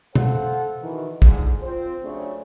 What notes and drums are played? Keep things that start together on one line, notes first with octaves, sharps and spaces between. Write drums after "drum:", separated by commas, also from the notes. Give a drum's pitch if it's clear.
A4 C5 F5 F#5, drum: tom
B2 D#3 E3
G#2 D3 F3, drum: kick
C4 F4 C5
C#3 F#3 A3 D4